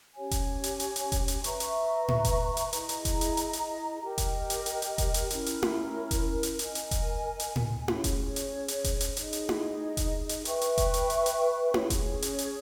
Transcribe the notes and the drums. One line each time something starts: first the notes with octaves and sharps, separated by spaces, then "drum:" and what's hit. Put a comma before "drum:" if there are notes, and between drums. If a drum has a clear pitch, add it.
C#4 G4 C#5 G#5
drum: kick F1, hi-hat
drum: hi-hat
drum: hi-hat
drum: hi-hat
drum: kick F1, hi-hat
drum: hi-hat
B4 E5 A#5 C#6, drum: hi-hat
drum: hi-hat
drum: tom A2
drum: kick F1, hi-hat
drum: hi-hat
E4 G#4 D#5 A#5, drum: hi-hat
drum: hi-hat
drum: kick F1, hi-hat
drum: hi-hat
drum: hi-hat
drum: hi-hat
G4 A#4 D#5 G5
drum: kick F1, hi-hat
drum: hi-hat
drum: hi-hat
drum: hi-hat
drum: kick F1, hi-hat
drum: hi-hat
C#4 E4 A#4, drum: hi-hat
drum: hi-hat
drum: tom E4
drum: kick F1, hi-hat
drum: hi-hat
A#4 D#5 G#5, drum: hi-hat
drum: hi-hat
drum: kick F1, hi-hat
drum: hi-hat
drum: tom A2
C#4 G#4 C#5, drum: tom E4
drum: kick F1, hi-hat
drum: hi-hat
drum: hi-hat
drum: kick F1, hi-hat
drum: hi-hat
D#4 G#4 D#5, drum: hi-hat
drum: hi-hat
drum: tom E4
drum: kick F1, hi-hat
drum: hi-hat
B4 E5 G5 C#6, drum: hi-hat
drum: hi-hat
drum: kick F1, hi-hat
drum: hi-hat
drum: hi-hat
drum: hi-hat
C#4 G#4 C#5, drum: tom E4
drum: kick F1, hi-hat
drum: hi-hat
drum: hi-hat